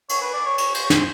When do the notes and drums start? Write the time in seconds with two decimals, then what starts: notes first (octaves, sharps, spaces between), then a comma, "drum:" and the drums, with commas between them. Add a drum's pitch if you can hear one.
0.09 C#5, drum: cymbal
0.22 B4
0.34 D5
0.46 C#5
0.58 C#5, drum: cymbal
0.75 C5, drum: cymbal
0.84 C#5
0.90 C5, drum: snare